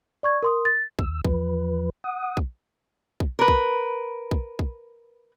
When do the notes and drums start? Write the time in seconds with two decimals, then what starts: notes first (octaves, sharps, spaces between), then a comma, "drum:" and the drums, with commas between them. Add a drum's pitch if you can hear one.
0.23 D5 C#6 G#6
0.43 A#4 C6 D#6
0.65 A6
0.99 D#2 E6, drum: kick
1.25 E2 F3 B4, drum: kick
2.04 F#5 D#6
2.37 drum: kick
3.20 drum: kick
3.39 A#4 B4
3.48 drum: kick
4.31 drum: kick
4.59 drum: kick